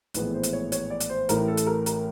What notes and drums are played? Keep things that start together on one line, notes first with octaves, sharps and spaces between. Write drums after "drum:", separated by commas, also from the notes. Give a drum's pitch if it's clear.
A#1 A2 E3 G#3 B3 B4, drum: hi-hat
C5
drum: hi-hat
C#5
C#5, drum: hi-hat
D5
drum: hi-hat
C5
A1 A2 E3 A#4, drum: hi-hat
A4
drum: hi-hat
A#4
A#4, drum: hi-hat